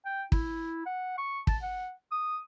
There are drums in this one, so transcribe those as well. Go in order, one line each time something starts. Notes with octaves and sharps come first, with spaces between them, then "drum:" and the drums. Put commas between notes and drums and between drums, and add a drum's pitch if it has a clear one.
G5
E4, drum: kick
F#5
C#6
A5, drum: kick
F#5
D#6